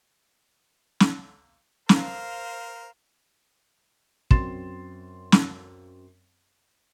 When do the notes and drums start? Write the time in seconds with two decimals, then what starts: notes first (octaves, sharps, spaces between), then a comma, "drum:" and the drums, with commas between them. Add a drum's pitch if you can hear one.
1.00 drum: snare
1.89 A#4 C5 F5, drum: snare
4.31 F#2 C4 C6 A6 E7, drum: kick
5.32 drum: snare